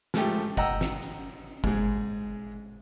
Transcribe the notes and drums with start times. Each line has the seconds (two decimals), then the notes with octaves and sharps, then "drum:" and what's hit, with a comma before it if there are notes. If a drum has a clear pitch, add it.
0.14 G#2 F3 A3 G4, drum: snare
0.57 D#5 F#5 G5 A#5 E6, drum: kick F#1
0.81 drum: snare
1.02 drum: hi-hat
1.64 G#2 G#3, drum: kick F#1